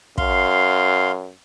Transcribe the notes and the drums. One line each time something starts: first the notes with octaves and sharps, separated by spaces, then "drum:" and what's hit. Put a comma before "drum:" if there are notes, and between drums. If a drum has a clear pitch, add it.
F#2 F5 C6, drum: kick